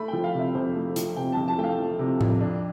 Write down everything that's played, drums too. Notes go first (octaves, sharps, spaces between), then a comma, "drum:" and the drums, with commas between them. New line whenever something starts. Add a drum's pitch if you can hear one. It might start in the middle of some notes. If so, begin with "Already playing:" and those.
Already playing: A3 B5
F3 G5
F5
C3
E5
F2 C5
A3
F3, drum: hi-hat
C3 G5
F2 A5
A5
A3 G5
F5
F3
C3
F2, drum: tom A2
D4